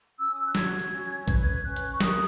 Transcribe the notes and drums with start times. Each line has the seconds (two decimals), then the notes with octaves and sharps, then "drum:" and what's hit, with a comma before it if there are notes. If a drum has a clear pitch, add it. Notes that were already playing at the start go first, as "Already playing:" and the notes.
0.18 C#4 E6
0.33 D#6
0.41 E6
0.48 F#6
0.55 F#4 G#6, drum: snare
0.79 drum: hi-hat
0.91 C#4
1.28 B4 G#6, drum: kick A1, hi-hat
1.44 G#6
1.64 C#4 F#6
1.76 drum: hi-hat
1.92 C#6
2.00 A#4 D#6, drum: snare